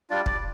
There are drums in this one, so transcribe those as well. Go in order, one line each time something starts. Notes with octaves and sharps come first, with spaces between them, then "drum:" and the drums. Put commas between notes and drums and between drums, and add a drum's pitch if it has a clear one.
G3 D4 F4 D5
D5, drum: kick